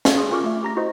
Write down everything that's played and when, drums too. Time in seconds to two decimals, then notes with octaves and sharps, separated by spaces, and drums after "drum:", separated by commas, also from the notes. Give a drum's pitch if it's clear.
0.05 F#4 F5, drum: snare
0.17 G#4 C6
0.31 C#4 F4 A#4 C#6 D6 F6
0.44 A3 E5
0.63 G4 A#5 A#6
0.76 E4 F#4 C5 D#5